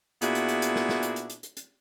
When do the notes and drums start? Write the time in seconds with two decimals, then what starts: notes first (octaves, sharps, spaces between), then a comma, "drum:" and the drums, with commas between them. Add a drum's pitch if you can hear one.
0.22 A#2 B3 D4 E4 F#4 G#4, drum: hi-hat
0.35 drum: hi-hat
0.49 drum: hi-hat
0.62 drum: hi-hat
0.76 drum: snare
0.89 drum: snare
1.03 drum: hi-hat
1.16 drum: hi-hat
1.30 drum: hi-hat
1.43 drum: hi-hat
1.57 drum: hi-hat